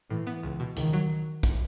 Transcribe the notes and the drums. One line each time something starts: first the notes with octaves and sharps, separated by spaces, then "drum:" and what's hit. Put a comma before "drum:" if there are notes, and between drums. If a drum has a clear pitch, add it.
A2 E3
B3
C#2
B2
C#2 D#3, drum: hi-hat
F#3
drum: kick, hi-hat